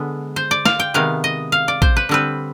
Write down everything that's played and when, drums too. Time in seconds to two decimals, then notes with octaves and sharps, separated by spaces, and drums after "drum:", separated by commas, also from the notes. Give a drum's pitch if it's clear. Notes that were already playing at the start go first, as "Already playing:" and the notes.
Already playing: D3 G#3 B3
0.36 C5
0.51 D5
0.66 F5, drum: snare
0.80 G5
0.94 C3 D#3 G#3 B3 F5
1.24 D#5
1.52 F5
1.68 D5
1.82 C5, drum: kick
1.97 B4
2.09 D3 G3 C4 B4